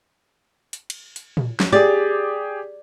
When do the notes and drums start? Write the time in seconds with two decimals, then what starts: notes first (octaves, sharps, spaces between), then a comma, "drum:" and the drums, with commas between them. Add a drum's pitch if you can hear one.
0.73 drum: hi-hat
0.90 drum: cymbal
1.16 drum: hi-hat
1.37 drum: tom
1.60 drum: snare
1.72 G4 G#4 D5